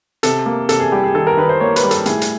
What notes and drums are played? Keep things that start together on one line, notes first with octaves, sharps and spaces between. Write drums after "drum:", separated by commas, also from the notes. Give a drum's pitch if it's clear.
C3 A4, drum: hi-hat
A#3
C3 A4, drum: hi-hat
G#4
G3 G4
G#4
D#3 A4
A#4
D#3 B4
C5
A#3 C#5
B4, drum: hi-hat
G3
A4, drum: hi-hat
A2 G#4, drum: hi-hat
drum: hi-hat